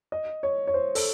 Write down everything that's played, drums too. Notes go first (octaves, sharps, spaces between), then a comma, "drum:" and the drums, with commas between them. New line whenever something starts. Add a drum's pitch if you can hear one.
D#5
C#5
C#5
C5
A4, drum: open hi-hat